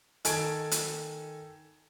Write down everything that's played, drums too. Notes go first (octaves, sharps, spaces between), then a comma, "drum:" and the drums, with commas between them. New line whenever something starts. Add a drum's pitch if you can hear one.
D#3 A4 G#5 G#6 D7, drum: hi-hat
drum: hi-hat